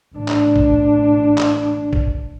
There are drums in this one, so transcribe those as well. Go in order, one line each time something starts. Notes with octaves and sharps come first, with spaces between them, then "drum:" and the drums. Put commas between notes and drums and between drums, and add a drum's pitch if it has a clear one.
A1 D4
drum: clap
drum: kick
drum: clap
drum: kick